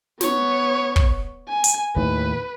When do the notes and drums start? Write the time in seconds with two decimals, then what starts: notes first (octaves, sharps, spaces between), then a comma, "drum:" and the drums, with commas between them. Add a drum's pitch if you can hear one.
0.21 B3 C#5, drum: snare
0.96 drum: kick
1.49 G#5
1.64 drum: hi-hat
1.96 D#2 A2 B4